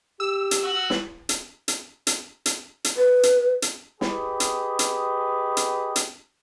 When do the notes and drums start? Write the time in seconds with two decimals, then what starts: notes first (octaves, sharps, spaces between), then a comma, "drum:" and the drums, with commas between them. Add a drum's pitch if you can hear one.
0.20 G4 E6
0.51 drum: hi-hat
0.62 F#4 F#5
0.90 drum: snare
1.29 drum: hi-hat
1.68 drum: hi-hat
2.07 drum: hi-hat
2.46 drum: hi-hat
2.84 drum: hi-hat
2.97 B4
3.23 drum: hi-hat
3.62 drum: hi-hat
4.01 G4 G#4 B4 D#5, drum: snare
4.40 drum: hi-hat
4.79 drum: hi-hat
5.57 drum: hi-hat
5.96 drum: hi-hat